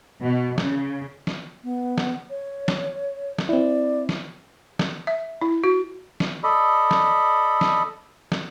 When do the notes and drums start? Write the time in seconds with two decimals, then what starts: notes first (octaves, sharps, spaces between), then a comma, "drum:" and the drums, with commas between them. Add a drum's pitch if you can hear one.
0.21 B2
0.58 C#3, drum: snare
1.27 drum: snare
1.64 B3
1.98 drum: snare
2.30 C#5
2.68 drum: snare
3.38 drum: snare
3.49 C4 E4 D5
4.09 drum: snare
4.79 drum: snare
5.07 E5
5.41 E4
5.64 F#4
6.20 drum: snare
6.43 A4 D5 D#5 B5
6.91 drum: snare
7.61 drum: snare
8.32 drum: snare